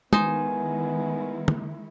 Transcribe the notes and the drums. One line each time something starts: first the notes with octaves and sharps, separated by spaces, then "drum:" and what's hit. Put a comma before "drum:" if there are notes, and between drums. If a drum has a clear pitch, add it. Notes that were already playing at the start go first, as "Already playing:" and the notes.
D#3 G#3 B3 D#4 E4 C5 G#5, drum: tom
drum: tom